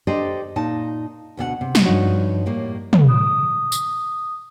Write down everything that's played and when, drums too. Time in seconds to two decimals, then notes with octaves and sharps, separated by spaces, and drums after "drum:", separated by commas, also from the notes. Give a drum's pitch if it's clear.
0.07 D4 G4 A4 C5 D5 D#5
0.56 A#2 D#4 A5
1.37 D2 B2 F#4 F#5
1.61 C3
1.75 drum: snare
1.85 G2 F3 C#4 D#4 F#4 C#5
2.46 A2 G3 A#3
2.93 drum: tom
3.08 D#6
3.72 drum: tambourine